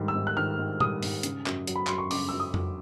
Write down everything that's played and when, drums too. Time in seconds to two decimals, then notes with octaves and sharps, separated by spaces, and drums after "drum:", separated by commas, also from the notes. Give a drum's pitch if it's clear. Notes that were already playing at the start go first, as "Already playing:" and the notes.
Already playing: G#2 D#3 G3
0.08 E6
0.15 G#2
0.27 F#6
0.37 D#3 F6
0.59 G#2
0.80 G3 D#6, drum: tom A#2
1.03 G#2, drum: open hi-hat
1.23 C#3, drum: hi-hat
1.46 F#2, drum: clap
1.67 F#3, drum: hi-hat
1.76 B5
1.87 F#2 C6, drum: clap
1.98 C#6
2.11 C#3 D6, drum: open hi-hat
2.29 F#2 E6
2.40 D#6
2.54 F#3, drum: tom F2